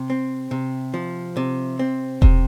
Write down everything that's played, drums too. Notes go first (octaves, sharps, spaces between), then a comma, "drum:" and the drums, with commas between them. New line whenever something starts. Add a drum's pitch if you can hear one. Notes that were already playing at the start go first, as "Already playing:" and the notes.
Already playing: C3
C4
C3
F3
C3
C4
C3, drum: kick E1